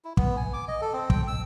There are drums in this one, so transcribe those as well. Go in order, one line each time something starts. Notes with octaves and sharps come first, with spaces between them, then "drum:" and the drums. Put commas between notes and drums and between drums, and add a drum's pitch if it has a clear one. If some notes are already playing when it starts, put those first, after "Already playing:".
E4
B3, drum: kick
G#5
D6
D#5
A4
C4
G5, drum: kick
E6